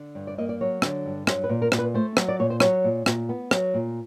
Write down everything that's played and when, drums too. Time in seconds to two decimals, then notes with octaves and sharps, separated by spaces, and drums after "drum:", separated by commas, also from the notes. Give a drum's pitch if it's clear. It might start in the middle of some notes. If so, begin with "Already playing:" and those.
Already playing: D3
0.15 G2
0.27 D5
0.38 A#3 D#5
0.49 D5
0.61 F#3 C#5
0.82 D3, drum: rim click
1.06 G2
1.27 F#3 C5, drum: rim click
1.44 B4
1.49 A#2
1.62 A#4
1.72 A#2, drum: rim click
1.79 B4
1.94 A3 C5
2.17 F#3, drum: rim click
2.28 D5
2.39 A#2 C#5
2.50 C5
2.60 F#3 C#5, drum: rim click
2.84 A#2
3.06 A#2, drum: rim click
3.29 B3
3.51 F#3, drum: rim click
3.74 A#2